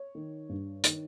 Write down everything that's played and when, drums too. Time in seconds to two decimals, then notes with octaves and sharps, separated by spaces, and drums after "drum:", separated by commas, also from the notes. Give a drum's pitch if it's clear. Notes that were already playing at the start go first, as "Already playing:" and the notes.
Already playing: C#5
0.15 D#3
0.49 G2
0.84 D#3, drum: hi-hat